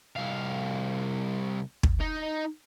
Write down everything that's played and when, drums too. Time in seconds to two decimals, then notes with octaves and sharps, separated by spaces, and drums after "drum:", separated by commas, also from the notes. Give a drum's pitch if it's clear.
0.17 C2 F5
1.83 drum: kick
2.01 D#4